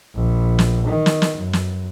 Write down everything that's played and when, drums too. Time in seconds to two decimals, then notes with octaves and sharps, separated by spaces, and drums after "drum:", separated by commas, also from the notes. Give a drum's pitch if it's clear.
0.14 A#1
0.59 drum: snare
0.87 D#3
1.06 drum: snare
1.22 drum: snare
1.38 F#2
1.53 drum: snare